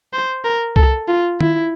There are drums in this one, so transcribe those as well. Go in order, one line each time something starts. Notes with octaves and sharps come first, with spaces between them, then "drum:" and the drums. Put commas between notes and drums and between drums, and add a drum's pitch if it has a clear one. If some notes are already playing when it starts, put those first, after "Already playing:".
C5
A#4
A4, drum: kick C2
F4
E4, drum: tom D#3